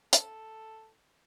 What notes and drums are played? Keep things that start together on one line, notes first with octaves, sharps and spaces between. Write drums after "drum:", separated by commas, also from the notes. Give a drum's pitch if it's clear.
A4, drum: hi-hat